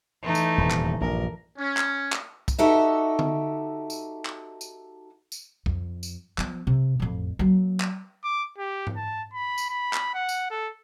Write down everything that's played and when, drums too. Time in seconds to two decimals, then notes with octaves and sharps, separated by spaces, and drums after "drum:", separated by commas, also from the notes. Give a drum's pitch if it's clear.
0.23 E3 A3 D#4
0.35 drum: tambourine
0.58 D#1 E2 C3
0.70 drum: clap
1.01 A#1 G2 A#4
1.56 C#4
1.77 drum: clap
2.12 drum: clap
2.48 drum: kick, tambourine
2.59 D#4 F#4 G4 A4 D#5 E5
3.19 drum: tom D3
3.90 drum: tambourine
4.25 drum: clap
4.61 drum: tambourine
5.32 drum: tambourine
5.66 F2, drum: kick
6.03 drum: tambourine
6.38 F3 B3, drum: clap
6.67 C3
7.00 A1 F2
7.39 F#3 A#3
7.80 drum: clap
8.24 D6
8.58 G4
8.87 drum: tom G#2
8.97 A5
9.33 B5
9.58 drum: tambourine
9.70 B5
9.93 drum: clap
10.14 F#5
10.29 drum: tambourine
10.50 A4